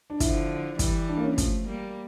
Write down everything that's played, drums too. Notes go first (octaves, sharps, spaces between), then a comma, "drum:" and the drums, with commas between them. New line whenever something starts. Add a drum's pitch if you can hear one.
D4
D3 F3 E4, drum: kick, hi-hat
E3 G3, drum: kick, hi-hat
D4
A#3
C#4
F3 A3, drum: kick, hi-hat
G3 A#3